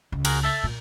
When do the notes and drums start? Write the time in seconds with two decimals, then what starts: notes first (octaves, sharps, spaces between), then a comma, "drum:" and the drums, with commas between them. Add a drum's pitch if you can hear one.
0.12 C#2
0.25 F#4 G#4 A#4, drum: cymbal
0.43 A4 E5 A5
0.64 A#2